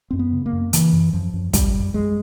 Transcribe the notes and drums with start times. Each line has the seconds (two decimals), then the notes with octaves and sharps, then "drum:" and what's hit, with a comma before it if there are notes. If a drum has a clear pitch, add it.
0.11 F#2 C4
0.19 B3
0.33 C#3
0.46 A#3
0.53 F#2
0.73 C#3 E3, drum: hi-hat
0.93 F#2
1.13 F#2 F3
1.33 F#2
1.53 F#2 G3, drum: kick, hi-hat
1.74 F#2
1.94 F#2 G#3